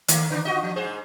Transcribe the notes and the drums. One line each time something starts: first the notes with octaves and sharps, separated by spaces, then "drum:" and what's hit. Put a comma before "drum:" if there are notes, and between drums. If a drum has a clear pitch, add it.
D#3 A3 A#3, drum: hi-hat
D3 D4
F4 F#4 D#5
F3
G#2 G#4 C5